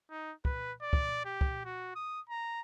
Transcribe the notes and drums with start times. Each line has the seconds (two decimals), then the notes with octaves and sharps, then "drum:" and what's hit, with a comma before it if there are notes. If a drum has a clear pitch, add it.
0.11 D#4
0.45 B4, drum: kick
0.82 D5
0.93 drum: kick
1.25 G4
1.41 drum: kick
1.65 F#4
1.95 D#6
2.29 A#5